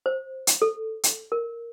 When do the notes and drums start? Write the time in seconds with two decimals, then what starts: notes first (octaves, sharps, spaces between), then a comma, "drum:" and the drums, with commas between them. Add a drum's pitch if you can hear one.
0.06 C5
0.47 drum: hi-hat
0.62 A4
1.03 drum: hi-hat
1.32 A#4